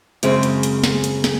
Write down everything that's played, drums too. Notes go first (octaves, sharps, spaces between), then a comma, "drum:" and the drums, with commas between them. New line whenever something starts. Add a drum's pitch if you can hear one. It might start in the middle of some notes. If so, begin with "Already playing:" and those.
F#2 C#3 G#3 C4, drum: hi-hat
drum: hi-hat
drum: hi-hat
drum: snare
drum: hi-hat
drum: snare